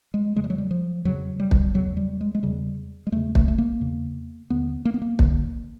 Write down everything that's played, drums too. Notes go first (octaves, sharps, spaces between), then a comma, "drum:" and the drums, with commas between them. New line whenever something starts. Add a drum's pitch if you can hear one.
G#3
F2 C#3 G#3
G3
F#3
G3
F3
F2 C#3 F#3
G3
drum: kick
E2 C#3 F#3
G3
G#3
G#3
E2 C#3 G3
G#3
E2 C#3 A3
A3, drum: kick
A3
A#3
E2 C#3
D#2 D3 B3
A#3
B3
A#3
D#2 D3, drum: kick